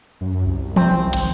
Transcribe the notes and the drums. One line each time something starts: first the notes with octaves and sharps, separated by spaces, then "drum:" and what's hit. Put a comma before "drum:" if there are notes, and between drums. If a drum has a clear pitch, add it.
F#2
C2
C4, drum: tom E3
G#1, drum: hi-hat